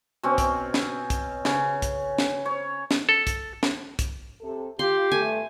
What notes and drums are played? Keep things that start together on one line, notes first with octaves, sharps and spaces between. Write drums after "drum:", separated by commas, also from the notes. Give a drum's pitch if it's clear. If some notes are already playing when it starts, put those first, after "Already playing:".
B2 C4 C#4
drum: kick, hi-hat
drum: snare
drum: kick, hi-hat
C#3, drum: snare
drum: kick, hi-hat
drum: snare
C#5
drum: snare
A4
drum: kick, hi-hat
drum: snare
drum: kick, hi-hat
C3 A4
F4 G4 C6
G2 A3 G#5